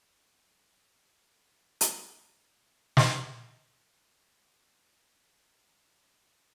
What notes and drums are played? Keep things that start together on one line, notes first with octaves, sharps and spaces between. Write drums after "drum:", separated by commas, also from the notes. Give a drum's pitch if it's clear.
A5
D#5
E4
D5
D#6
drum: hi-hat
C3
drum: snare
G2 C#4 E4 A5 B6